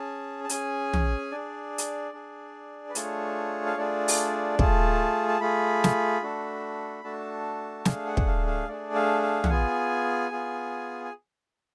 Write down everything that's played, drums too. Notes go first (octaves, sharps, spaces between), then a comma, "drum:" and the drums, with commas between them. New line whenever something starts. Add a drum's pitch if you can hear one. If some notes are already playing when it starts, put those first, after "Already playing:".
Already playing: C#4 G#4 A5
A5
C#4 G#4 G#5, drum: hi-hat
drum: tom
D4 G#4 D5
drum: hi-hat
D4 G#4
B4
A3 D4 F4 G#4 C#5, drum: hi-hat
F5
A3 D4 F4 G#4 D5
drum: open hi-hat
A3 F4 G#4 A5, drum: kick
A5
A3 F4 G#4 B5
drum: snare
A3 D4 F#4 A4
A3 D4 F#4 A4 A5
A3 D4 G#4 F5, drum: snare
F#5
drum: kick
F5
F5
A3 D4 G#4 D5
F5
F5
F#5, drum: tom
B3 F4 G#4 G#5
B3 F4 G#4
G#5